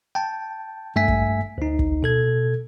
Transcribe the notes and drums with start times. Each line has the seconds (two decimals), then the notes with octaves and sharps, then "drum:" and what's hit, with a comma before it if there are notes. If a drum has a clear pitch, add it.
0.15 G5 A5
0.96 G2 A3 E5 G#5 B6
1.08 drum: kick
1.58 D2 D#4
1.79 drum: kick
2.03 B2 A4 G#6